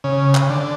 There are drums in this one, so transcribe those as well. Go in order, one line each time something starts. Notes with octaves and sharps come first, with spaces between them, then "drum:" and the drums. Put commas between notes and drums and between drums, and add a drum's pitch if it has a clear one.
C#3
drum: clap
D3